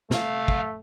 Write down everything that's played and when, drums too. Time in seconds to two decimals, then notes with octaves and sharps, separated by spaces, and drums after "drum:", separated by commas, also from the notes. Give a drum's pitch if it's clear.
0.11 C2 A3 F5, drum: snare
0.48 drum: kick